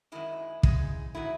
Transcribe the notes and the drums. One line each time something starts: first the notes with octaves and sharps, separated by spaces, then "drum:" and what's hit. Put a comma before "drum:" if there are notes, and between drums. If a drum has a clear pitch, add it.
F#2 D#3 G#3 E4
F#2 C#3 G#3, drum: kick
D#3 F#3 A3 E4